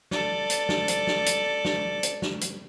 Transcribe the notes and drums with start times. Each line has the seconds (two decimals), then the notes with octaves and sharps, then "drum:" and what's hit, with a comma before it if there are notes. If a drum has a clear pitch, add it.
0.11 A4 D5, drum: snare
0.50 drum: hi-hat
0.69 drum: snare
0.88 drum: hi-hat
1.07 drum: snare
1.26 drum: hi-hat
1.65 drum: snare
2.03 drum: hi-hat
2.22 drum: snare
2.41 drum: hi-hat